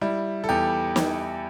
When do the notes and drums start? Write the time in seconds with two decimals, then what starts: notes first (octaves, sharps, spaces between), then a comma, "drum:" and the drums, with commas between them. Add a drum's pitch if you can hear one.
0.01 G3 E4
0.44 A4
0.49 E2 G4
0.96 drum: snare